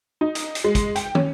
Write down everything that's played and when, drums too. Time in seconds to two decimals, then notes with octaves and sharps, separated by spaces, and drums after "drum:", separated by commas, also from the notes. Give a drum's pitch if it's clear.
0.21 D#4
0.35 drum: hi-hat
0.55 drum: hi-hat
0.64 G#3
0.75 drum: kick, hi-hat
0.96 G5, drum: hi-hat
1.15 C#4, drum: tom